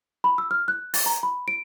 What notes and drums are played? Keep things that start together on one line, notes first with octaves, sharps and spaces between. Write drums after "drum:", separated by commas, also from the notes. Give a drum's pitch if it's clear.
B5
E6
F6
F#6
A6, drum: open hi-hat
A#5
B5
D7